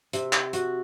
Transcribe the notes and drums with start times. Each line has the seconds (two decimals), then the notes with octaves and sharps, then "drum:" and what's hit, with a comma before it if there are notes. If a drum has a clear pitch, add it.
0.13 C3, drum: hi-hat
0.33 drum: clap
0.53 F#4, drum: hi-hat